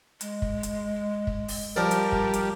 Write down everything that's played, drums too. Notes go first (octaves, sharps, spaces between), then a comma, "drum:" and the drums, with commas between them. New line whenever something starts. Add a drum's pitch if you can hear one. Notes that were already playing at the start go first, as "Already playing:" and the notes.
G#3, drum: hi-hat
drum: kick
drum: hi-hat
drum: kick
drum: open hi-hat
F3 G3 A#4 D5
drum: hi-hat
drum: kick
drum: hi-hat